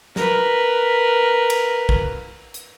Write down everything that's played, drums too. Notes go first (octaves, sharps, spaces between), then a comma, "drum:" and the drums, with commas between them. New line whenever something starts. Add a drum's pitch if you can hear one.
A#4 B4, drum: snare
drum: cymbal
drum: kick
drum: hi-hat